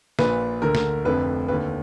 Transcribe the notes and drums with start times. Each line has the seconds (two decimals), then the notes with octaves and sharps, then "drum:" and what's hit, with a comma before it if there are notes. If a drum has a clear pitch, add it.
0.19 A#1 A#2 B4, drum: snare
0.62 D2 D3 A#4
0.75 drum: snare
1.05 F1 F2 D3 B4
1.48 D#2 D3 B4